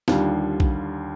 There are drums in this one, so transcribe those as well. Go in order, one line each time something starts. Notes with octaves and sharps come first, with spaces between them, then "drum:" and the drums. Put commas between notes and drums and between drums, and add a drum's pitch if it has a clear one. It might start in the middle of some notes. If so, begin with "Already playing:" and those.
D#2 D3 G3 F4, drum: snare
drum: kick A#1